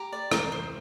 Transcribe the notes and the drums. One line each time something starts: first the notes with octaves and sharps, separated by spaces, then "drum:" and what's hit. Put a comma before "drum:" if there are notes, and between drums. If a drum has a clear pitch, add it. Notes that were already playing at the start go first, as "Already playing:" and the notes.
Already playing: G4 A#5
D5
C5 A#5, drum: rim click
C5